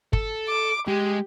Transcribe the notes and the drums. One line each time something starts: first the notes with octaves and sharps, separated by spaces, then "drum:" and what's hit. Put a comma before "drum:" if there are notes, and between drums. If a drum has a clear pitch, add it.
A4, drum: kick
D6
G#3 G4